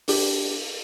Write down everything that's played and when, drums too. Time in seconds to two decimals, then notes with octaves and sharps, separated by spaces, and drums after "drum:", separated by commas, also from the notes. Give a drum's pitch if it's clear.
0.08 D4 G4, drum: open hi-hat